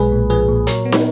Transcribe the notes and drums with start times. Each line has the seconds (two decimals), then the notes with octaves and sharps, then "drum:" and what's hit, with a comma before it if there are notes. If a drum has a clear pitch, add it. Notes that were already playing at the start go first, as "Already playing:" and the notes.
Already playing: B1 G#3 G#4 B4
0.12 A#2
0.30 F3 G#4 B4
0.48 A#2
0.67 F#3 A#4 C#5, drum: hi-hat
0.85 B3
0.92 B4, drum: snare